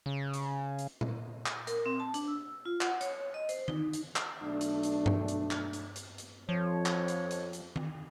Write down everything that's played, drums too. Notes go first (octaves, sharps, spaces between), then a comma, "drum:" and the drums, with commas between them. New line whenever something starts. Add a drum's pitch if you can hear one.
C#3
drum: hi-hat
drum: hi-hat
drum: tom A#2
drum: clap
A#4, drum: hi-hat
C4
A5
D4, drum: hi-hat
E6
F4
F#5, drum: clap
C#5, drum: hi-hat
D#5
C5, drum: hi-hat
D#4, drum: tom D#3
drum: hi-hat
drum: clap
B1 A3 D4
drum: hi-hat
drum: hi-hat
drum: tom G2
drum: hi-hat
drum: clap
drum: hi-hat
drum: hi-hat
drum: hi-hat
F2 F3 C#5
drum: clap
drum: hi-hat
drum: hi-hat
drum: hi-hat
drum: tom D#3